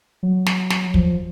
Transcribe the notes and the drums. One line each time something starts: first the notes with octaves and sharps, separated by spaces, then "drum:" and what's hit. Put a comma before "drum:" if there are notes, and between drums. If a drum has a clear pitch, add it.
F#3
drum: snare
drum: snare
F3, drum: kick